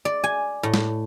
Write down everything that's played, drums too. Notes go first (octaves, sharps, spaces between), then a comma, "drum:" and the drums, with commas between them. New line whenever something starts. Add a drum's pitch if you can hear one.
D5
G#5
A2
drum: snare